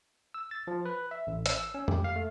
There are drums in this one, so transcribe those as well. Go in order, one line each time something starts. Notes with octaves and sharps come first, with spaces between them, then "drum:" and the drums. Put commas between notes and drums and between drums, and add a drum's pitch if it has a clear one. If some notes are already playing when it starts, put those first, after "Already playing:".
E6
A6
F3
B4
E5
A1
E6, drum: hi-hat
E6
C#4
G4, drum: tom F2
F5
A3